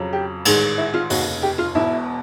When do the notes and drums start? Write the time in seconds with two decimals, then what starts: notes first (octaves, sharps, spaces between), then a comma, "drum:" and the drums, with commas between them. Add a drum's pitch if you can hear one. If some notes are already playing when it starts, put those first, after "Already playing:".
Already playing: F2 C#3 F#3
0.13 G4
0.45 A1 G#2 D#3 G#3 G#4, drum: cymbal
0.78 E4
0.94 F4
1.10 F1 D#2 C#3 F#4, drum: open hi-hat
1.43 G4
1.58 F4
1.75 E1 E2 B2 E4